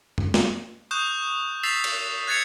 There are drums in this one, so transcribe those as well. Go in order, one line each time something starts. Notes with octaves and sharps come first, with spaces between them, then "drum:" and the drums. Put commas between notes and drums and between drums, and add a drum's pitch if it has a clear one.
drum: tom
drum: snare
C#6 D#6 F#6 G6 E7
E6 A6 B6 C7 E7 F7
drum: cymbal
F#6 G#6 A6 C7 C#7 F7